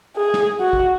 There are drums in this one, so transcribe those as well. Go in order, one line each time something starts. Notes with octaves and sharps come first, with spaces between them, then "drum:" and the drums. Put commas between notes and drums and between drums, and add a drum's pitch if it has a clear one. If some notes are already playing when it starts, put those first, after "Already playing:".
G#4
drum: snare
F#4
drum: kick